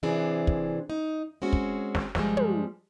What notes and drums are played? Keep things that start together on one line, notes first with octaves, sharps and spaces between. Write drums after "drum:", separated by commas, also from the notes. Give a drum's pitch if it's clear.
C3 E3 C4 D4 G#4
drum: kick
D#4
G#3 C4 C#4 F#4
drum: kick
drum: snare
G2 F3 G3 G#3, drum: snare
drum: tom